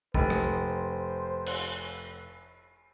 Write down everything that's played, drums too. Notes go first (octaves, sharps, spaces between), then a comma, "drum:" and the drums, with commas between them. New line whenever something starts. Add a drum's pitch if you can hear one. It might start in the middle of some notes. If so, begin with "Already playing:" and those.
F1 C5, drum: kick
drum: rim click
drum: cymbal